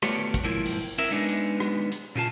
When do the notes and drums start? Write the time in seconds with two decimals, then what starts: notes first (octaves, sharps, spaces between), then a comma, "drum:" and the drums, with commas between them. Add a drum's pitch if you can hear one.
0.03 A3 B3 F4 G4 C#5 D5, drum: rim click
0.34 drum: kick, hi-hat
0.44 B1 G#2 F3 A#3 E4
0.66 drum: open hi-hat
0.98 C4 E4 A#4 E5
1.11 G#3 B3 D4 D#4
1.29 drum: hi-hat
1.60 drum: rim click
1.92 drum: hi-hat
2.15 A#2 C#3 F4 A5